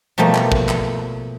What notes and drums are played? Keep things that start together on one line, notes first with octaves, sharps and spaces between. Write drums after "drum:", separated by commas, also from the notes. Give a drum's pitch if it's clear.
B2 F3 G3 A3 A#3
drum: clap
drum: kick
drum: clap